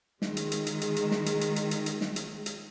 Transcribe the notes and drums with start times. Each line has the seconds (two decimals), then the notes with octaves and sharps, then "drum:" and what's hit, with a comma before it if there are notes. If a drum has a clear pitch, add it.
0.22 D#3 G#3, drum: snare
0.37 drum: hi-hat
0.52 drum: hi-hat
0.67 drum: hi-hat
0.81 drum: hi-hat
0.96 drum: hi-hat
1.11 drum: snare
1.26 drum: hi-hat
1.41 drum: hi-hat
1.56 drum: hi-hat
1.71 drum: hi-hat
1.86 drum: hi-hat
2.01 drum: snare
2.16 drum: hi-hat
2.46 drum: hi-hat